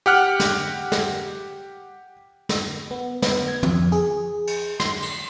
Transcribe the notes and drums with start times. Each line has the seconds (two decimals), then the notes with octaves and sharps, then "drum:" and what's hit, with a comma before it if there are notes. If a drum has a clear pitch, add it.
0.06 G4 F#5 F6 F#6
0.40 drum: snare
0.92 drum: snare
2.49 drum: snare
2.91 B3
3.22 B3, drum: snare
3.48 G#6
3.63 F2, drum: tom
3.92 G#4, drum: hi-hat
4.47 drum: cymbal
4.80 C6, drum: snare
5.02 drum: cymbal